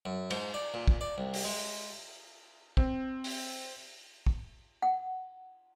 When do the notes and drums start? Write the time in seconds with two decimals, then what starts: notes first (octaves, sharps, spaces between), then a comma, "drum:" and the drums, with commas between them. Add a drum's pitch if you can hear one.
0.06 F#2
0.30 G#2, drum: cymbal
0.54 D5
0.74 A#2
0.88 drum: kick
1.01 D5
1.18 C2
1.34 drum: open hi-hat
1.44 G#3
2.77 C4, drum: kick
3.24 drum: open hi-hat
4.26 drum: kick
4.82 F#5